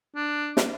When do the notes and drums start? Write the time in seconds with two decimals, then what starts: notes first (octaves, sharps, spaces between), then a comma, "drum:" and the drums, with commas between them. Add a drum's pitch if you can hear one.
0.15 D4
0.57 drum: snare